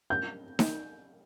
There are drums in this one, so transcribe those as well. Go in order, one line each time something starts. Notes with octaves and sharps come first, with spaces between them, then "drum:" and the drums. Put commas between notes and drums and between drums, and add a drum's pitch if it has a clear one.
G6
drum: snare D#4